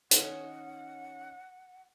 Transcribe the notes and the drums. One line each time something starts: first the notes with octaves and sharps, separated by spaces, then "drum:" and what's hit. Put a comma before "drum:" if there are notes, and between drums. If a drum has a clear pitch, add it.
D#3 C#4 C#5 D#5 F#5 G#5, drum: hi-hat